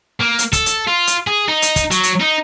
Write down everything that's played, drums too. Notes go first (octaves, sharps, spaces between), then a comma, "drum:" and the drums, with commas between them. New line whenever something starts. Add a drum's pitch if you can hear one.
A#3
drum: hi-hat
A4, drum: kick, hi-hat
drum: hi-hat
F4
drum: hi-hat
G#4
D#4
drum: hi-hat
drum: kick, hi-hat
F#3, drum: hi-hat
drum: hi-hat
D#4